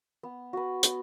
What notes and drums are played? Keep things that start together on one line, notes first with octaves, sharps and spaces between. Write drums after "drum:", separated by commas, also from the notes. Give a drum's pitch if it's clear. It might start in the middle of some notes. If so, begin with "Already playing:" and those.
B3
F#4 B4
B3, drum: hi-hat